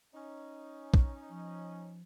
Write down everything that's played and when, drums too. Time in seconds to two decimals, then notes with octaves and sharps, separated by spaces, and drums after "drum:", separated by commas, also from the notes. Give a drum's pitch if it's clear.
0.14 C#4 D#4
0.94 drum: kick
1.30 F3